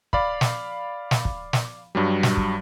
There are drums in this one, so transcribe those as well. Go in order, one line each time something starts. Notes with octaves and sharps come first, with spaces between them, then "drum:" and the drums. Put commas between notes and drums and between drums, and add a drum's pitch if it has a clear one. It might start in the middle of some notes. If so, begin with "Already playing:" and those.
D5 F5 B5, drum: kick
drum: snare
drum: snare
drum: kick
drum: snare
G2 F#3 G3
drum: snare
drum: kick